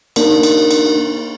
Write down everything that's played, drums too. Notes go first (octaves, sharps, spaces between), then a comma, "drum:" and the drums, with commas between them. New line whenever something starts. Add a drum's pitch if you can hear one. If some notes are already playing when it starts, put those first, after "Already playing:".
A#3 D4 D#4 A#4, drum: cymbal
drum: cymbal
drum: cymbal